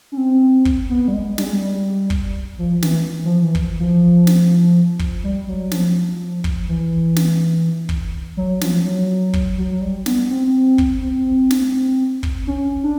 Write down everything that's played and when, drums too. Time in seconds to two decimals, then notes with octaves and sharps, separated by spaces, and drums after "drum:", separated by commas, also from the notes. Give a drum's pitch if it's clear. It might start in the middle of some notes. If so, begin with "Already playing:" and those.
0.12 C#4
0.17 C4
0.65 drum: kick
0.89 B3
1.08 G3
1.13 G#3
1.38 G3, drum: snare
1.45 G#3
1.53 G3
2.10 drum: kick
2.58 F3
2.83 E3, drum: snare
3.25 F3
3.42 E3
3.55 drum: kick
3.79 F3
4.27 drum: snare
4.99 drum: kick
5.24 G3
5.48 F#3
5.72 F3, drum: snare
6.44 drum: kick
6.68 E3
7.16 drum: snare
7.89 drum: kick
8.37 F#3
8.61 F3, drum: snare
8.85 F#3
9.33 drum: kick
9.58 F#3
9.72 F#3
9.81 G3
10.06 B3, drum: snare
10.30 C4
10.78 drum: kick
11.02 C4
11.51 drum: snare
12.23 drum: kick
12.47 C#4
12.83 D4